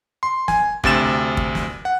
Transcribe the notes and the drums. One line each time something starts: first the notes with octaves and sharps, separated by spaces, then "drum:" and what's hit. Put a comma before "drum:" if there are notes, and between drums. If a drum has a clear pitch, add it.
C6
G#5, drum: snare
D2 C3 A6 E7, drum: kick
drum: kick
drum: snare
F#5